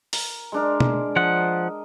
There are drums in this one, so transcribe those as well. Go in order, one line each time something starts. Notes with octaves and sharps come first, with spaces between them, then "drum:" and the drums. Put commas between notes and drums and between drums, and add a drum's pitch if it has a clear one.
A#4, drum: open hi-hat
G#3 D4 A#4
drum: tom
F3 D#5 F#5